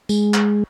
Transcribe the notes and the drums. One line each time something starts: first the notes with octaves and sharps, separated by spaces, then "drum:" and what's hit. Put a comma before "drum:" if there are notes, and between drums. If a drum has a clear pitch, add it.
G#3, drum: tambourine
drum: clap